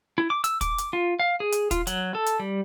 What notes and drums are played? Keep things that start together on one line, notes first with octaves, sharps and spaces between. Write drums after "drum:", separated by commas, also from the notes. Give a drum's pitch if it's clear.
E4
D6
E6, drum: hi-hat
D6, drum: kick, hi-hat
drum: hi-hat
F4
F5
G#4
drum: hi-hat
F4, drum: kick, hi-hat
F#3, drum: hi-hat
A4
drum: hi-hat
G3